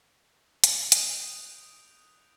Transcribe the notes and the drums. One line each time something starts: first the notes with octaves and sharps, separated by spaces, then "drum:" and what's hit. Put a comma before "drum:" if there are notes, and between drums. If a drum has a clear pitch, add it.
drum: hi-hat
D#6 F#6 G6 D7 F7, drum: hi-hat